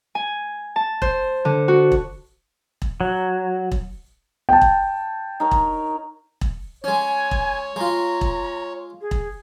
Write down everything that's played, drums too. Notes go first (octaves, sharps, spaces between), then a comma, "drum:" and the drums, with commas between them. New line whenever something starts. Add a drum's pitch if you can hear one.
G#5
A5
C5, drum: kick E1
D3
F#4
drum: kick E1
drum: kick E1
F#3
drum: kick E1
G5 A5
drum: kick E1
D#4 A#4 C#5
drum: kick E1
drum: kick E1
G#3 C#4 C#5 G#5
drum: kick E1
G#3 F4 A#5
drum: kick E1
G#4
drum: kick E1